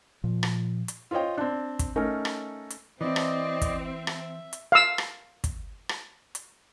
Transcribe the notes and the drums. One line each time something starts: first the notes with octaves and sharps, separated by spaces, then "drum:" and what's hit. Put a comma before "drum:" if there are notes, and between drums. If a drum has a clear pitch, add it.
A#2 F3
drum: rim click
drum: hi-hat
F4 C5 C#5 D#5 G5
C4 D4
drum: kick, hi-hat
A3 C#4 D#4 A#4
drum: rim click
drum: hi-hat
E3 C4 E4 D5 D#5
drum: rim click
drum: kick, hi-hat
E5
drum: rim click
drum: hi-hat
F5 E6
drum: rim click
drum: kick, hi-hat
drum: rim click
drum: hi-hat